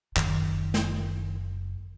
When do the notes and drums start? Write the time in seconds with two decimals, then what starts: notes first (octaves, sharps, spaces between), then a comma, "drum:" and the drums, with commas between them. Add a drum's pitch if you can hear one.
0.16 F#1 D#3, drum: clap
0.74 drum: snare